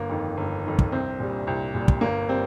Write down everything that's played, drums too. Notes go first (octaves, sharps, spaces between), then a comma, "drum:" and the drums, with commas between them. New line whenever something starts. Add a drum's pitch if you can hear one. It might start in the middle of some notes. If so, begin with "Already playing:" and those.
Already playing: G1 A#3
F2 D#3
G1
F2 D#3
drum: kick
C2 C4
A#2 G3
C2
A#2 G3
drum: kick
G1 A#3
G3 C4